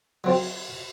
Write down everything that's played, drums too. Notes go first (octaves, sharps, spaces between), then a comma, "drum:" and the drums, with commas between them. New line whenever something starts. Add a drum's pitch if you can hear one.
F#3 C4, drum: cymbal